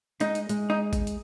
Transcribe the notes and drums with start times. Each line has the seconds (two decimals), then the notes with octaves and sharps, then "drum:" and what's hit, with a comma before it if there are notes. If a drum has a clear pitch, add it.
0.20 G#3 D#4, drum: hi-hat
0.35 drum: hi-hat
0.49 G#3, drum: hi-hat
0.70 D#4
0.93 drum: kick, hi-hat
1.07 drum: hi-hat